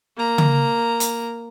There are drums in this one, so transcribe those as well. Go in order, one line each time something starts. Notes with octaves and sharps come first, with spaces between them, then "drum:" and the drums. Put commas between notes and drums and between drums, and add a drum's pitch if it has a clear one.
A#3 A#5
drum: tom C#3
drum: hi-hat